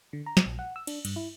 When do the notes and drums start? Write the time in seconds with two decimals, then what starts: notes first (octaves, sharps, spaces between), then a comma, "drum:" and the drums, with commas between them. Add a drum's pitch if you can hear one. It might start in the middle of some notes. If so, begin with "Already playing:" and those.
0.13 D3
0.26 A#5
0.37 drum: snare
0.46 A#1
0.59 F#5
0.76 E6
0.87 D4, drum: cymbal
1.05 G2, drum: cymbal
1.16 E4